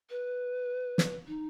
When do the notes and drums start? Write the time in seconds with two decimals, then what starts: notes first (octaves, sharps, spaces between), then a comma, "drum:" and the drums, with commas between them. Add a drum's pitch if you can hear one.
0.10 B4
0.98 drum: snare
1.27 D#4